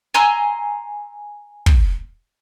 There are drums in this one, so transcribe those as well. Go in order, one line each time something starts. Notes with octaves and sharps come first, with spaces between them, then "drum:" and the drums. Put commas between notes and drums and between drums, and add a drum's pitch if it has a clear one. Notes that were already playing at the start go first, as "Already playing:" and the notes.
G#5 A#5 C6 E6
drum: kick